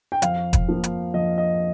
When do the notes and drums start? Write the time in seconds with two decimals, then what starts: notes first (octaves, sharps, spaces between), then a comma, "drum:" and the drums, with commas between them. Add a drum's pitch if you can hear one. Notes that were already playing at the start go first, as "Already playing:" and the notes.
0.12 G5
0.22 F2 F5, drum: hi-hat
0.53 drum: kick, hi-hat
0.69 F3 A#3
0.84 drum: hi-hat
1.14 F2 D#5
1.38 D#5